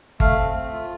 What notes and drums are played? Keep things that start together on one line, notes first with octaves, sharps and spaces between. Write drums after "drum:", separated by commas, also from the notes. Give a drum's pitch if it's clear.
A3 F5, drum: kick G1
C4
A3
F4